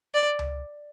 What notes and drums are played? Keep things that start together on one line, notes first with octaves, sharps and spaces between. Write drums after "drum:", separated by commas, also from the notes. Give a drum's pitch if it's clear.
D5
drum: tom C#2